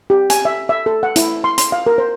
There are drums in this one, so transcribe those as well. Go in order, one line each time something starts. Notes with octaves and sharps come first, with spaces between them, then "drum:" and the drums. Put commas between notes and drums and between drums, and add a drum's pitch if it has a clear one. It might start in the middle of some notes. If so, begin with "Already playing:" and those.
G4
G#5, drum: hi-hat
E5
E5
A4
F#5
E4, drum: hi-hat
C6
C6, drum: hi-hat
F5
A#4
C5